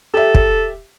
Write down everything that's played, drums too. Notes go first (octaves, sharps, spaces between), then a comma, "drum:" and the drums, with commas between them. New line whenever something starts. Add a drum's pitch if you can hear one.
G4 A4 E5
drum: kick